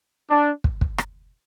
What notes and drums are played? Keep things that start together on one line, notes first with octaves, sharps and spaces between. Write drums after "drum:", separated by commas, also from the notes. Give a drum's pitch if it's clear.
D4
drum: kick
drum: kick
drum: rim click